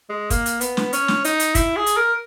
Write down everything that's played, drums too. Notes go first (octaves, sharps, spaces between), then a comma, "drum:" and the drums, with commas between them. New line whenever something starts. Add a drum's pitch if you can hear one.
G#3
A#3, drum: kick, hi-hat
drum: hi-hat
B3, drum: hi-hat
drum: snare
C#4, drum: hi-hat
drum: snare
D#4, drum: hi-hat
drum: hi-hat
E4, drum: kick, hi-hat
G#4
drum: hi-hat
A#4